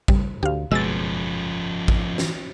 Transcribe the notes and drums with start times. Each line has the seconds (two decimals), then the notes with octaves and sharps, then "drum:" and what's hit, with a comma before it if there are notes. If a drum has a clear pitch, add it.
0.08 C#3 G3, drum: kick
0.43 D2 G4 F5
0.71 F#1 B2 F3 G#3 C#4 E6 A6
1.88 drum: kick
2.18 drum: snare